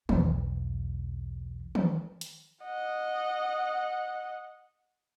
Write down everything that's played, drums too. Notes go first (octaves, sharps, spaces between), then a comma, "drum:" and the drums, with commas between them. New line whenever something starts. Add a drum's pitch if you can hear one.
B1 E2, drum: tom
drum: tom
drum: hi-hat
D#5 F#5